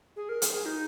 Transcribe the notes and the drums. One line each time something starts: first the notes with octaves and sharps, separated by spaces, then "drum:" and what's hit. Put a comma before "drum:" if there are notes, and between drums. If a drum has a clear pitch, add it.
G#4
A#4
G#4, drum: hi-hat
G#4
D#4